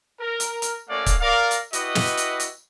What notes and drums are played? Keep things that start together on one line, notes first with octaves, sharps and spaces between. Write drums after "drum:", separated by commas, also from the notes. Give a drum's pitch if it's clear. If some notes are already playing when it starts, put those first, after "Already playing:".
A#4
drum: hi-hat
drum: hi-hat
A3 A#3 C#4 F#4 D5 F5
drum: kick C#1, hi-hat
A#4 D5 F5
drum: hi-hat
E4 F#4 G4 B4 D#5, drum: hi-hat
drum: snare
drum: hi-hat
drum: hi-hat